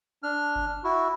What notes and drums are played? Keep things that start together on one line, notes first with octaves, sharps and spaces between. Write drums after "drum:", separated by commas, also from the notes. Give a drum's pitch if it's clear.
D4 F6
drum: kick G1
E4 F#4